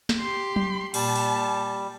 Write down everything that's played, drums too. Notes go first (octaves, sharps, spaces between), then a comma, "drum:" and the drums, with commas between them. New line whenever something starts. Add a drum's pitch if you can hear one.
drum: snare
G4 C6
drum: tom F#3
A#2 G3 A5, drum: cymbal
drum: open hi-hat